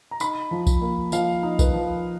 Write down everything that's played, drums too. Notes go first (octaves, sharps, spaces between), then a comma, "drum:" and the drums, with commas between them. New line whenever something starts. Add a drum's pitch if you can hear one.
A#5
D#4 B5, drum: tambourine
F3
drum: kick B1, tambourine
A#3
F3 F5, drum: tambourine
D#4
B4, drum: kick B1, tambourine
F3